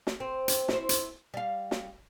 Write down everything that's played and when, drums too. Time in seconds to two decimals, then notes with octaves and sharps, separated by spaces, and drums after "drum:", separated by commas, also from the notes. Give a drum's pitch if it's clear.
0.07 drum: snare
0.20 C4
0.48 drum: hi-hat
0.68 E4 C5, drum: snare
0.89 drum: hi-hat
1.34 G3 F5
1.71 drum: snare